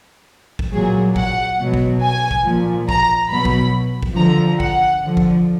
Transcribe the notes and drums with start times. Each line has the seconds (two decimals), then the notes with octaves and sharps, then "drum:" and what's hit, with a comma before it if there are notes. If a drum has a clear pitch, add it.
0.59 drum: kick
0.73 A#2 F#3 G#4
1.16 F#5, drum: kick
1.59 B2 F#3
1.74 drum: kick
2.03 G#5
2.31 drum: kick
2.45 A#2 F3
2.89 A#5, drum: kick
3.30 B2 F#3 B5
3.45 drum: kick
4.03 drum: kick
4.17 D3 F3 A#5
4.60 F#5, drum: kick
5.03 D3 F3
5.17 drum: kick